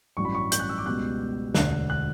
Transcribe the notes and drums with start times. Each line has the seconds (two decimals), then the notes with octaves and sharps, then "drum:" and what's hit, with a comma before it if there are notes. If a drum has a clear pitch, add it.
0.17 A1 G2 F#3 C#6
0.25 B5
0.35 C#6
0.52 G6, drum: hi-hat
0.60 F#6
0.69 E6
0.78 D6
0.86 C#2 B2 G3 B3 F#6
1.55 E1 D2 D3 F#6, drum: snare
1.90 F#6